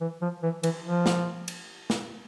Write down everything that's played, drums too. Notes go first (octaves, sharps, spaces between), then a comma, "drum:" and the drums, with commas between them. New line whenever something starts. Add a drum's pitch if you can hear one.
E3
F3
E3
E3, drum: cymbal
F3
drum: snare
drum: cymbal
drum: snare